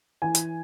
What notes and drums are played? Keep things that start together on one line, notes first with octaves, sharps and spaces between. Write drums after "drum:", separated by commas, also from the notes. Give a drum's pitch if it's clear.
E3 G#5
drum: hi-hat